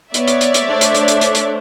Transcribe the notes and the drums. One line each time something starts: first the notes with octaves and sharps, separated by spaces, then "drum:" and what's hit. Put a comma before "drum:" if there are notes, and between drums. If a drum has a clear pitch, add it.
B3 C#5 D5 E5, drum: hi-hat
drum: hi-hat
drum: hi-hat
drum: hi-hat
A3 D4 C5
drum: hi-hat
drum: hi-hat
drum: hi-hat
drum: hi-hat
drum: hi-hat